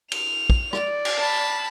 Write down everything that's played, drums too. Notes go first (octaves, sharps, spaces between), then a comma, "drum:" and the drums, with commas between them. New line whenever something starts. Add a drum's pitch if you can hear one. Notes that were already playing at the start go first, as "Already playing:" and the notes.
F7, drum: cymbal
drum: kick
D5, drum: rim click
drum: cymbal
A5 B5